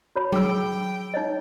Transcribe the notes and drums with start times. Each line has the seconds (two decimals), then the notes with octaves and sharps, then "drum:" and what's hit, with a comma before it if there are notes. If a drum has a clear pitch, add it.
0.16 F#4 C#5 B5
0.32 G#4 G5 E6, drum: tom F#3
1.14 D#4 C#5 D#5